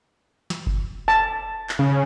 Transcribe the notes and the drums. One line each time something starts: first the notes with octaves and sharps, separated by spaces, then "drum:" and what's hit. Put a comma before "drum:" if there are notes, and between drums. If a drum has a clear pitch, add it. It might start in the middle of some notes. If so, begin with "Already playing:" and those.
drum: snare
drum: kick F#1
A5
drum: clap
C#3